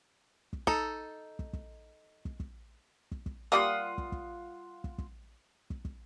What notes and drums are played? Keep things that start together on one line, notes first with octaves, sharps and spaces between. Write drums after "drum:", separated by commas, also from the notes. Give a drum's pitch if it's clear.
drum: kick
D#4 A4, drum: kick
drum: kick
drum: kick
drum: kick
drum: kick
drum: kick
drum: kick
G3 A#3 F4 F#5 D#6
drum: kick
drum: kick
drum: kick
drum: kick
drum: kick
drum: kick